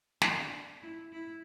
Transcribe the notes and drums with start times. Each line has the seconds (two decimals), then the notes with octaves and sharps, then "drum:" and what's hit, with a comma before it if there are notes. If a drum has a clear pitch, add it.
0.22 D4, drum: snare
0.82 E4
1.12 E4